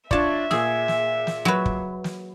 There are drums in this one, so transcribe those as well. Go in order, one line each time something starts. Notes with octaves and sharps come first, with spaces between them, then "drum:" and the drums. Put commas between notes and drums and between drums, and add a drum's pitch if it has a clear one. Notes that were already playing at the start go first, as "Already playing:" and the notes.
D4 F4 C#5 D5 E5 A5, drum: kick
A#2 G#4 E6, drum: snare
drum: snare
drum: snare
F#3 B4
drum: kick
drum: snare